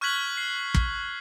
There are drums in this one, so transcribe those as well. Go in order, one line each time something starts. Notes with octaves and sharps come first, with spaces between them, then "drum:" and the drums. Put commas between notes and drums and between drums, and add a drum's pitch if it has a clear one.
C#6 F6 F#6 G#6 B6 F#7
C7
drum: kick